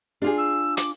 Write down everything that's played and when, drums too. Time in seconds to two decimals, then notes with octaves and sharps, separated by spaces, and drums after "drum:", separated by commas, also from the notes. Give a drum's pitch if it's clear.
0.22 D4 F4 G4 G#4
0.37 E6
0.77 D6, drum: hi-hat